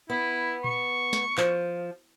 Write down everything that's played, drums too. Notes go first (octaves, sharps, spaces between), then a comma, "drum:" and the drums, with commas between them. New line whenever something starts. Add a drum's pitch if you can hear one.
B3 E4
C#6, drum: tom A#2
drum: snare
F3, drum: clap